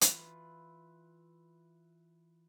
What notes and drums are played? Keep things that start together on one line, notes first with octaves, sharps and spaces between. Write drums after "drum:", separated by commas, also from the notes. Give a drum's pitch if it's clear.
E3 F4 B4, drum: hi-hat